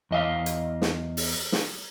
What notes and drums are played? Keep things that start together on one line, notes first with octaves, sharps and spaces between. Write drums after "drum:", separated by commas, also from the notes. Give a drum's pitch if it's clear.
E2 D#5 F5
drum: hi-hat
drum: snare
drum: open hi-hat
drum: snare